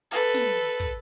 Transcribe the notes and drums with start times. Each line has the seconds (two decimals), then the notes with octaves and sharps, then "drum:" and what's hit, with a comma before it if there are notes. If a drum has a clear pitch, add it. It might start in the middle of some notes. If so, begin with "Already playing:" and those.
0.11 A4 B4, drum: hi-hat
0.34 drum: snare
0.57 drum: hi-hat
0.80 drum: kick, hi-hat